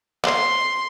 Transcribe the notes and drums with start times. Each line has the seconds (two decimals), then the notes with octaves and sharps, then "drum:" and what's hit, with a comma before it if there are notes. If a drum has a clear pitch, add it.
0.25 C6, drum: clap